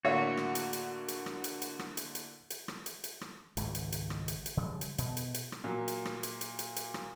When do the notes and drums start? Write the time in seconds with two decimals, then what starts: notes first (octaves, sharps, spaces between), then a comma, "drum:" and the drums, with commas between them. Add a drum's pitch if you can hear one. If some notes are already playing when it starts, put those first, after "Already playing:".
0.05 A2 D3 A#3 F#4 C#5 E5 F5
0.37 drum: rim click
0.55 drum: hi-hat
0.73 drum: hi-hat
1.08 drum: hi-hat
1.26 drum: rim click
1.44 drum: hi-hat
1.62 drum: hi-hat
1.79 drum: rim click
1.97 drum: hi-hat
2.15 drum: hi-hat
2.50 drum: hi-hat
2.68 drum: rim click
2.86 drum: hi-hat
3.04 drum: hi-hat
3.21 drum: rim click
3.57 G#1 C#2 G#2, drum: hi-hat
3.75 drum: hi-hat
3.92 drum: hi-hat
4.10 drum: rim click
4.28 drum: hi-hat
4.46 drum: hi-hat
4.57 C#3 F3 G3 G#3
4.81 drum: hi-hat
4.98 B2, drum: hi-hat
5.17 drum: hi-hat
5.34 drum: hi-hat
5.52 drum: rim click
5.64 A#2 F#3
5.88 drum: hi-hat
6.05 drum: rim click
6.23 drum: hi-hat
6.41 drum: hi-hat
6.59 drum: hi-hat
6.76 drum: hi-hat
6.94 drum: rim click